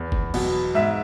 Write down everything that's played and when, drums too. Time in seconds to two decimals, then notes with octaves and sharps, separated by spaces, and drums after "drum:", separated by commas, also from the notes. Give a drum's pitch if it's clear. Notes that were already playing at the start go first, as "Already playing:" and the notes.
Already playing: E2
0.12 drum: kick
0.34 B2 F#3, drum: cymbal
0.75 G#2 E5